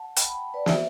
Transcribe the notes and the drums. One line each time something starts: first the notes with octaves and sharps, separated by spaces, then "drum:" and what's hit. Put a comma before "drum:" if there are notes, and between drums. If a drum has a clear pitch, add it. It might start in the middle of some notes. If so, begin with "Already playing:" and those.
Already playing: F#5 A5
G5 B5, drum: hi-hat
G5 B5
B4 D5
C5 E5, drum: snare